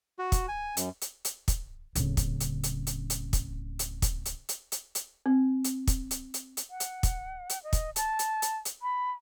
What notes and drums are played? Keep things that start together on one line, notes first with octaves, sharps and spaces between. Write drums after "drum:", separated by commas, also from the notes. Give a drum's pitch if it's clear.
F#4
drum: kick, hi-hat
G#5
F#2, drum: hi-hat
drum: hi-hat
drum: hi-hat
drum: kick, hi-hat
D1 C#3, drum: hi-hat
drum: kick, hi-hat
drum: hi-hat
drum: hi-hat
drum: hi-hat
drum: hi-hat
drum: kick, hi-hat
drum: hi-hat
drum: kick, hi-hat
drum: hi-hat
drum: hi-hat
drum: hi-hat
drum: hi-hat
C4
drum: hi-hat
drum: kick, hi-hat
drum: hi-hat
drum: hi-hat
drum: hi-hat
F#5
drum: hi-hat
drum: kick, hi-hat
drum: hi-hat
D#5
drum: kick, hi-hat
A5, drum: hi-hat
drum: hi-hat
drum: hi-hat
drum: hi-hat
B5